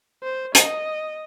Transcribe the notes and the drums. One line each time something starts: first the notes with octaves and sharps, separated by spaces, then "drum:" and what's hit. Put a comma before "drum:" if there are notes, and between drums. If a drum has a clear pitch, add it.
C5
D#5, drum: hi-hat